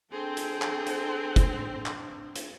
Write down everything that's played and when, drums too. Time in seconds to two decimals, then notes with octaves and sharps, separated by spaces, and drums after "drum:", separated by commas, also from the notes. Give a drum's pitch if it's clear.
0.12 C4 D4 G#4 A4 G5
0.37 drum: hi-hat
0.62 drum: clap
0.87 drum: hi-hat
1.36 drum: kick, hi-hat
1.86 drum: clap
2.36 drum: hi-hat